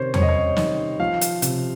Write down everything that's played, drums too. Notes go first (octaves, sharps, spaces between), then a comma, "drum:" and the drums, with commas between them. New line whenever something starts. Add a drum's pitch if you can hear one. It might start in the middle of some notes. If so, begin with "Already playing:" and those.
Already playing: C3 D#3 A#4 C5 C#5
G3 C#5, drum: tom E2
D#5
C#5
D#3 D#5, drum: snare
F3 F5
drum: hi-hat
C3, drum: hi-hat